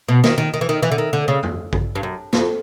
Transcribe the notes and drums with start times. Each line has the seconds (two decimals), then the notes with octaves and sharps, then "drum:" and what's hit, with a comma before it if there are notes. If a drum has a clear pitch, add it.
0.08 B2
0.24 D#3, drum: snare
0.38 D#3
0.54 D#3
0.61 E3
0.69 D#3
0.82 E3
0.91 D3
0.98 D#3
1.13 D3
1.28 C#3
1.43 drum: tom F2
1.73 drum: kick A1
1.95 G2
2.03 F#2
2.33 F2, drum: snare